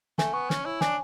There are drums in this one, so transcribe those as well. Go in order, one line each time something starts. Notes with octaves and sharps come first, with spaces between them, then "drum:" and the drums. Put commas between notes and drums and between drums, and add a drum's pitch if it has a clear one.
A3 G#5, drum: snare
B3 C#6
C#4 G#5, drum: snare
E4 C#5
D4 G#5, drum: snare